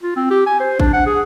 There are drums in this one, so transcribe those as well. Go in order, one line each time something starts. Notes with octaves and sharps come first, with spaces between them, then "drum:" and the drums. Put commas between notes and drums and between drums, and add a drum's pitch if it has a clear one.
F4
C4
G4
G#5
C5
D4, drum: kick A1
F#5
G#4